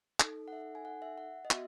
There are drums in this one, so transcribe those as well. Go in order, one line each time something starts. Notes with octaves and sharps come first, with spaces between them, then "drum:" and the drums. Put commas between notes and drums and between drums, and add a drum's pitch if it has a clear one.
D#4 A4, drum: clap
F#5
E5
G#5
F#5
E5
F#5
D#5
B3 F#4 E5, drum: clap